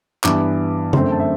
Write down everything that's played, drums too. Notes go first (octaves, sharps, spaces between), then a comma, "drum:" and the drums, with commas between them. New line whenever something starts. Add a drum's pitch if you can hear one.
G2 E3 B3 D6, drum: clap
F#2 D3 A3 C4 C6, drum: tom C#3
A5
E5